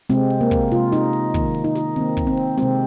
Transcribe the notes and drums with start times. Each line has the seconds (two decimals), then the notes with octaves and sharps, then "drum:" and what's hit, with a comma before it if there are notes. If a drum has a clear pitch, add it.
0.10 C3 G#3 C4, drum: snare
0.30 drum: hi-hat
0.41 A#3
0.51 drum: kick
0.72 C3 G#3 F4, drum: hi-hat
0.92 D#4, drum: snare
1.13 drum: hi-hat
1.34 D#3 A#3, drum: kick
1.55 drum: hi-hat
1.64 D#4
1.75 drum: snare
1.96 D#3 A#3 C4, drum: hi-hat
2.17 drum: kick
2.27 C4
2.37 drum: hi-hat
2.58 C3 G#3 C4, drum: snare